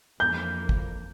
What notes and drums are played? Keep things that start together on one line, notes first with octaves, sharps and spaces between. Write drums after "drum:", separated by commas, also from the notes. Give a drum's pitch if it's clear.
F2 E3 A#3 G6
drum: kick